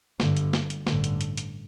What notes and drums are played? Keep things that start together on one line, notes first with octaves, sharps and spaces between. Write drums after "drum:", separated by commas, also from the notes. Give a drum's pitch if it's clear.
G1 G2 D3, drum: snare
drum: hi-hat
drum: snare
drum: hi-hat
A1 G2 D3, drum: snare
drum: hi-hat
drum: hi-hat
drum: hi-hat